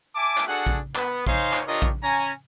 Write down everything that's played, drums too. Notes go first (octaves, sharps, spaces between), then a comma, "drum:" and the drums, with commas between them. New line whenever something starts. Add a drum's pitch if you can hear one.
E5 G#5 A5 D6
drum: clap
D4 F#4 G#4 A4 F#5
drum: kick A#1
B3, drum: clap
D#4 C5 C#5 F5 G#5 C6, drum: kick A#1
drum: clap
D4 F4 G4 A#4 C#5 D#5
drum: kick A#1
C#4 G#5 A#5